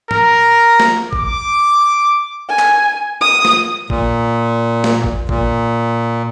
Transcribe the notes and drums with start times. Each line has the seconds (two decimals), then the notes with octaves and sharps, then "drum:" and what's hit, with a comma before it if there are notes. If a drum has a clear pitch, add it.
0.11 A#4, drum: tom G#2
0.80 drum: snare
1.13 D6, drum: kick
2.49 G#5
2.59 drum: clap
3.21 D#6
3.45 drum: snare
3.90 A#2, drum: kick
4.84 drum: snare
5.04 drum: kick
5.29 A#2, drum: kick